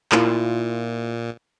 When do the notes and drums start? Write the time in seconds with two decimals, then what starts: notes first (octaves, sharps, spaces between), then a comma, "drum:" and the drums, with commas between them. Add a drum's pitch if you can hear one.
0.12 A#2 A#3 E4 F4, drum: clap